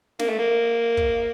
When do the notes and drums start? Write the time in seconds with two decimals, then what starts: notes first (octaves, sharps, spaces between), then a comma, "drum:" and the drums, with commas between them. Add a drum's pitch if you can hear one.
0.19 A#3, drum: snare
0.29 A3
0.39 A#3
0.97 drum: kick